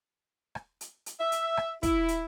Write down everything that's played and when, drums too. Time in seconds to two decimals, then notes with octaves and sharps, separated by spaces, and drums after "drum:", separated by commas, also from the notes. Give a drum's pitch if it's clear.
0.55 drum: rim click
0.81 drum: hi-hat
1.06 drum: hi-hat
1.20 E5
1.32 drum: hi-hat
1.57 drum: rim click
1.83 E4, drum: kick, hi-hat
2.08 drum: hi-hat